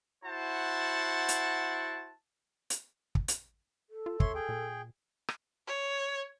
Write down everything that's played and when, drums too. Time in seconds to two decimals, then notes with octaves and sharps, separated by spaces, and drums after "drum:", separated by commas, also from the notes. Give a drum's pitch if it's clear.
0.24 E4 F#4 C5 F#5 A5
1.29 drum: hi-hat
2.70 drum: hi-hat
3.15 drum: kick
3.28 drum: hi-hat
3.90 A4
4.06 F4
4.20 D#2 C#5 E5 C6, drum: kick
4.35 G#4 G5
4.49 A#2
5.29 drum: rim click
5.67 C#5